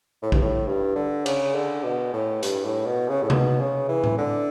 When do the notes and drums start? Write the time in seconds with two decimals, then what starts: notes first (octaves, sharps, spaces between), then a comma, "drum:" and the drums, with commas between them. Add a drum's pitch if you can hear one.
0.22 A2
0.32 G2, drum: kick A#1
0.42 A2
0.67 G2
0.96 D3
1.26 C#3, drum: cymbal
1.55 D3
1.83 B2
2.13 A2
2.43 G2, drum: hi-hat
2.64 A2
2.86 B2
3.08 C#3
3.23 A2
3.30 B2, drum: tom C3
3.60 C#3
3.89 E3
4.04 drum: tom A2
4.18 D3